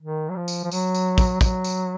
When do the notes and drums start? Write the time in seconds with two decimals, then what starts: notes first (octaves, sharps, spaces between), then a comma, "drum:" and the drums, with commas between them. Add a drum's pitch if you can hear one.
0.01 D#3
0.29 F#3
0.36 F3
0.48 drum: tambourine
0.64 F3
0.71 F#3, drum: tambourine
0.94 drum: tambourine
1.18 drum: kick, tambourine
1.41 F#3, drum: kick, tambourine
1.64 drum: tambourine